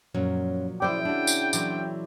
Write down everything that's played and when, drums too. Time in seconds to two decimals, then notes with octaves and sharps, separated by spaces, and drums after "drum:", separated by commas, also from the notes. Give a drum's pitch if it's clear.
0.14 F#2 A#2 F3 F#3
0.82 C#3 E3 E4 C5 D5 G5
1.05 D4 F#4
1.27 drum: tambourine
1.53 A#2 E3 F#3 C5 D5, drum: tambourine